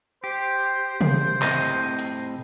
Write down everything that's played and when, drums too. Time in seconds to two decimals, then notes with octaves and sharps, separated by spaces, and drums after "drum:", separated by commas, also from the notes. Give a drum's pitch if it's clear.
0.24 G4 C5
1.01 drum: tom
1.42 A2 C3 D#5, drum: clap
1.99 drum: hi-hat